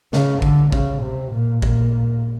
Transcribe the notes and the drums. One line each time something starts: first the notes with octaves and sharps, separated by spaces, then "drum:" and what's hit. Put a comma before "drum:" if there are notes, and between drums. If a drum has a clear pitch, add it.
C#3, drum: snare
D3, drum: kick A1
C#3, drum: kick A1
C3
A#2
A#2, drum: kick A1